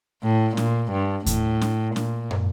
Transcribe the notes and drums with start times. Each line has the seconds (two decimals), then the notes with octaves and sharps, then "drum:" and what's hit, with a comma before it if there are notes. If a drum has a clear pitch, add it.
0.23 A2
0.57 A#2, drum: snare
0.92 G2
1.26 A2, drum: kick D#2, hi-hat
1.62 drum: snare
1.96 A#2, drum: snare
2.31 drum: tom